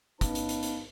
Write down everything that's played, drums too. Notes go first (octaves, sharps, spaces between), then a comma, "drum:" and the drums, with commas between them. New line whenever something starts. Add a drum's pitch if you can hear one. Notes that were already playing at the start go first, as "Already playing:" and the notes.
B3 C#4 D#4 B4 F5 A5, drum: kick, hi-hat
drum: hi-hat
drum: hi-hat
drum: hi-hat